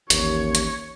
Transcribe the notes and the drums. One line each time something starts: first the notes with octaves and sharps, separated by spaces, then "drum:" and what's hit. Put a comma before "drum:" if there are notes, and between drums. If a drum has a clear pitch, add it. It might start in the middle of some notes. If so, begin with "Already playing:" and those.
A1 D#2 C#5, drum: hi-hat
drum: hi-hat